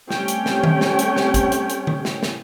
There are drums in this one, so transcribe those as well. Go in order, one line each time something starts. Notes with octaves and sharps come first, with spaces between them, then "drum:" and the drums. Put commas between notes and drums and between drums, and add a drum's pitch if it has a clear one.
G3 A3 C4 C#4 C#5 G5, drum: snare
drum: hi-hat
drum: snare
drum: tom D#3
drum: snare
drum: hi-hat
drum: snare
drum: kick, hi-hat
drum: hi-hat
drum: hi-hat
drum: tom D3
drum: snare
drum: snare